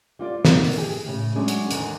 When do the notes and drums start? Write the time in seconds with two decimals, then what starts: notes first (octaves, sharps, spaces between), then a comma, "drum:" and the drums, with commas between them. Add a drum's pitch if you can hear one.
0.19 G3 F4 D5
0.45 G2 B2 D3 D#3 A#3, drum: snare
0.64 drum: open hi-hat
0.78 G4 G#4
1.06 A2 C#3
1.36 F#3 G#3 C#4 D4 G#4
1.48 drum: hi-hat
1.71 E2 D3 D#3, drum: hi-hat